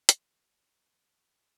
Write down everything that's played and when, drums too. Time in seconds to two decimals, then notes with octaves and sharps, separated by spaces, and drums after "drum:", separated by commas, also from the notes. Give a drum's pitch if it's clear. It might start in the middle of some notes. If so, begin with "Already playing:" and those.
0.09 drum: hi-hat
0.18 E3 C6
0.35 G#3
0.43 C6
0.51 E2
0.67 E2 A#5
0.84 E3
0.93 C6
1.01 G#3
1.17 E2 C#6
1.41 C6